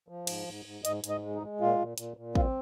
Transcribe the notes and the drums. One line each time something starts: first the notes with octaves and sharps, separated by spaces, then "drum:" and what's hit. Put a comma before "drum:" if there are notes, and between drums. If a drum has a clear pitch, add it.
F3
G#2, drum: cymbal
G#2
G#2
G#2 D#5, drum: hi-hat
G#2, drum: hi-hat
D#5
G#3
D#4
G#3
A#2 F4
A#2
A#2, drum: hi-hat
A#2
C4 F4, drum: kick